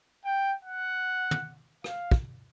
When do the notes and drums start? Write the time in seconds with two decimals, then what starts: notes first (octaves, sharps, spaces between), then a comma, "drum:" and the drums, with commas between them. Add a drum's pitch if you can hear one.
0.24 G5
0.65 F#5
1.31 drum: tom
1.84 F5, drum: rim click
2.11 drum: kick